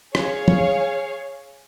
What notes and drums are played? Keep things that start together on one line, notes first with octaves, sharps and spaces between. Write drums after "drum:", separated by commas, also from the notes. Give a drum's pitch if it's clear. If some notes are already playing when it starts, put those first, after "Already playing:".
G#4 C#5 F5, drum: rim click
drum: tom